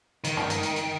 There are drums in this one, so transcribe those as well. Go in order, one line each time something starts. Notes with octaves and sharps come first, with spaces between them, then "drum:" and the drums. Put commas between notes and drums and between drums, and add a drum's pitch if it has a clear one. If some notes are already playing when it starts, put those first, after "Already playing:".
D#3, drum: hi-hat
drum: tom
drum: hi-hat
drum: hi-hat
drum: hi-hat